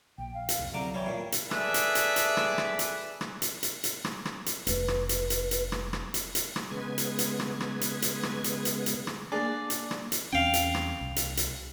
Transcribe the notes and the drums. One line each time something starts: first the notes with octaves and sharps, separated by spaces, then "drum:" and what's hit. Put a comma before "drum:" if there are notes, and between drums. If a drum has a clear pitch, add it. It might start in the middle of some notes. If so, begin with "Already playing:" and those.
A#1 G5
F5
drum: hi-hat
C2 F2
C2 D3 F#3 A#5 D6
E3 G3 C#5
G2 A#2
drum: hi-hat
G#4 A4 B4 D5 E5, drum: rim click
drum: hi-hat
drum: hi-hat
drum: hi-hat
drum: rim click
drum: rim click
drum: hi-hat
drum: rim click
drum: hi-hat
drum: hi-hat
drum: hi-hat
drum: rim click
drum: rim click
drum: hi-hat
F1 B4, drum: hi-hat
drum: rim click
drum: hi-hat
drum: hi-hat
drum: hi-hat
drum: rim click
drum: rim click
drum: hi-hat
drum: hi-hat
drum: rim click
C#3 G#3 B3 B4 G#6
drum: hi-hat
drum: hi-hat
drum: rim click
drum: rim click
drum: hi-hat
drum: hi-hat
drum: rim click
drum: hi-hat
drum: hi-hat
drum: hi-hat
drum: rim click
A#3 D4 G#4 A#4 D5 A5
drum: hi-hat
drum: rim click
drum: hi-hat
E2 C4 C#4 F5 G5
drum: hi-hat
drum: rim click
C2
drum: hi-hat
drum: hi-hat